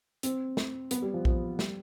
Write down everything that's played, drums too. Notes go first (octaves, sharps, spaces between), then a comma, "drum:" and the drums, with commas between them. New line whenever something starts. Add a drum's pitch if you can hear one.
C4, drum: hi-hat
drum: snare
B3, drum: hi-hat
G3
F3
F3, drum: kick A#1
G3, drum: snare